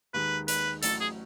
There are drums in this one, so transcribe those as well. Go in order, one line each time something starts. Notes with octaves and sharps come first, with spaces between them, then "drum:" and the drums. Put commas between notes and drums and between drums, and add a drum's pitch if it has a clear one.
D#2 D#3 G#3 B4
B4, drum: hi-hat
A1 A2 F#3 A4, drum: hi-hat
G#4